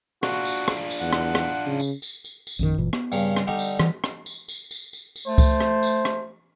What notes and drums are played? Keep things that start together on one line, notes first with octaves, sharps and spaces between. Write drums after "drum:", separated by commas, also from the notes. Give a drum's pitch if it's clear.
D4 F4 F#4, drum: rim click
drum: tambourine
drum: rim click
drum: tambourine
E2 F#5
drum: rim click
drum: rim click
C#3
drum: tambourine
drum: tambourine
drum: tambourine
drum: tambourine
A#1 F#2 D#3
F#1 A#2 E3
B3, drum: rim click
G2 C#3, drum: tambourine
drum: rim click
D3 G3 D#4
drum: tambourine
E3, drum: rim click
drum: rim click
drum: tambourine
drum: tambourine
drum: tambourine
drum: tambourine
drum: tambourine
A3 C5
drum: kick C#2, tambourine
drum: rim click
drum: tambourine
drum: rim click